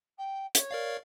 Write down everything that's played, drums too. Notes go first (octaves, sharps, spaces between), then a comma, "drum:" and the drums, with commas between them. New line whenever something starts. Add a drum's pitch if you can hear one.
G5
C#5, drum: hi-hat
A#4 D5 F5